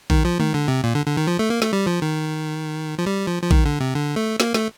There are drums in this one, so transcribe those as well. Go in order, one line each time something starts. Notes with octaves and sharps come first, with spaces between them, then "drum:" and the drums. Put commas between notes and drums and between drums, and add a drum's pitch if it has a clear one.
D#3, drum: kick A#1
F3
D#3, drum: tom G#3
D3
C3
A#2
D3
D3
D#3
F3
A3
A#3
A3, drum: snare
G3
F3
D#3
F3
G3
F3
F3
D#3, drum: kick A#1
D3
C3
D3
A3
A#3, drum: snare
A3, drum: snare